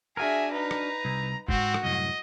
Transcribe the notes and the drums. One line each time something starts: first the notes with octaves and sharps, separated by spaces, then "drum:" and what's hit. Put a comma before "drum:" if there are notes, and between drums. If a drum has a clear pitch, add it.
D4 F#4 G#4 A#4 E5 G#5
D#4 B4 A#5
drum: rim click
C2
G#2 C4 F#4, drum: kick
drum: rim click
C2 F#2 A2 D#5